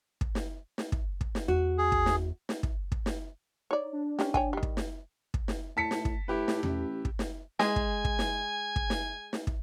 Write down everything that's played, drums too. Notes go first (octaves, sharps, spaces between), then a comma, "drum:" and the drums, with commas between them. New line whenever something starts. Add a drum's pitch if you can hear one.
drum: kick
drum: snare
drum: snare
drum: kick
drum: kick
drum: snare
E2 F#4
G#4
drum: kick
drum: snare
drum: snare
drum: kick
drum: kick
drum: snare
D#4 C#5 D5
D4
C#4 G4, drum: snare
C#5 G5 G#5, drum: kick
D#3 G3
drum: kick
drum: snare
drum: kick
drum: snare
A2 A5 B6 C#7
drum: snare
drum: kick
A2 E4 G4 B4
drum: snare
A1, drum: tom E2
drum: kick
drum: snare
G#3 G#5, drum: snare
drum: kick
drum: kick
drum: snare
drum: kick
drum: snare
drum: snare
drum: kick